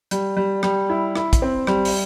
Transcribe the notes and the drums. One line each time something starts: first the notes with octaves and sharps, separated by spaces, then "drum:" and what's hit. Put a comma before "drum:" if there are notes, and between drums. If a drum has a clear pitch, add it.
G3, drum: hi-hat
G3
G3, drum: rim click
E4
E4, drum: rim click
drum: kick, hi-hat
C4
G3, drum: rim click
drum: open hi-hat